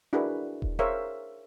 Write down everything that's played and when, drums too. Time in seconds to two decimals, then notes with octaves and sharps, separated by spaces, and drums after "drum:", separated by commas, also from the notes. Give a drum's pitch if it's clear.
0.13 D4 E4 F#4 G#4 A#4 B4
0.62 drum: kick D#1
0.79 G#4 A#4 C5 C#5 E5 F5